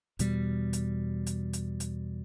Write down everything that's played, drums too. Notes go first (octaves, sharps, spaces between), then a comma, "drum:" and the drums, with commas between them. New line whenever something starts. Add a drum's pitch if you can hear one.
E2 B2 G3, drum: hi-hat
drum: hi-hat
drum: hi-hat
drum: hi-hat
drum: hi-hat